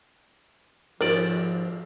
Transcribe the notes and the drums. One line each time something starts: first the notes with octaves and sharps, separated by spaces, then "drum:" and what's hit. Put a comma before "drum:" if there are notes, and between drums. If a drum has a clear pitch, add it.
G#1 F3 A#4 D5, drum: cymbal